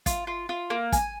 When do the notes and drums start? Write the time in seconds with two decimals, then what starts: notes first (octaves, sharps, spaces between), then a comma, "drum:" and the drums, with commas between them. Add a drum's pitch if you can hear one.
0.06 F4, drum: kick, hi-hat
0.27 F4
0.49 F4
0.70 A#3
0.92 G#5, drum: kick, hi-hat